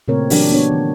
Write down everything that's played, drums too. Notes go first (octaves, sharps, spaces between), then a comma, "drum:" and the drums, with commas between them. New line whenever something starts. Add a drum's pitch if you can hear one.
A#2 C#3 A3 C4 A#4 C#5
E3 F#3 D4 G4 A#4 D5, drum: open hi-hat
A#3 B3 D4 C#5
D#3